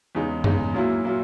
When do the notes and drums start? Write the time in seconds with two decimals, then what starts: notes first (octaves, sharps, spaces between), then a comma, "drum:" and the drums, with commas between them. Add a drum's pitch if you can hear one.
0.15 E2 C#3 G#3 D#4
0.44 E2 C#3 G#3 D#4, drum: tom F#2
0.74 A#2 F#3 A#3 E4
1.04 A#2 F#3 A#3 E4